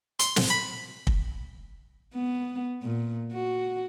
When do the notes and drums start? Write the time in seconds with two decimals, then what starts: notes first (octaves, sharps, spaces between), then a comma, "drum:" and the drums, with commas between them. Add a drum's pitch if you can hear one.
0.19 C6, drum: hi-hat
0.36 drum: snare
0.50 B5
1.07 drum: kick
2.14 B3
2.83 A#2
3.33 F#4